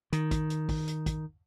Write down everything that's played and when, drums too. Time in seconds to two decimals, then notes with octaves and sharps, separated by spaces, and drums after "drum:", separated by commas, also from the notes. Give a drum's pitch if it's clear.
0.13 D#3, drum: hi-hat
0.31 drum: kick, hi-hat
0.50 drum: hi-hat
0.69 drum: kick, open hi-hat
0.88 drum: hi-hat
1.06 drum: kick, hi-hat